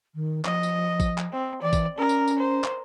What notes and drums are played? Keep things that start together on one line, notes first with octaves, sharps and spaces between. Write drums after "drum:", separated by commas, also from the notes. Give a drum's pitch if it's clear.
D#3
F3 D#5, drum: clap
drum: tambourine
drum: kick, tambourine
drum: clap
C4
E3 D5
drum: kick, tambourine
C#4 A#4
drum: tambourine
drum: tambourine
C5
drum: clap